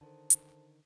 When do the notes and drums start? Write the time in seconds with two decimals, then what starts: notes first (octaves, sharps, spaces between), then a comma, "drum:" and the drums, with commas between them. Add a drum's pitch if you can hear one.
0.01 D3 D#3 A4 C5 A5
0.30 drum: hi-hat